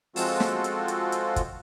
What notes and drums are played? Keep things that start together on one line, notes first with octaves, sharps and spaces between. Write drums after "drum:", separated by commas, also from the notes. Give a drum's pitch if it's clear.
F3 G#3 C4 F4 F#4 A4, drum: open hi-hat
drum: snare
drum: hi-hat
drum: hi-hat
drum: hi-hat
drum: kick, hi-hat